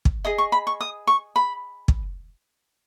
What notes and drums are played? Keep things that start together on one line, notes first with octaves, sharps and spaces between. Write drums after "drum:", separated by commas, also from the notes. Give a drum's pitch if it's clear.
drum: kick
G#4 D#5 D#6
C#6
B5
C#6
D#6
C#6
B5
drum: kick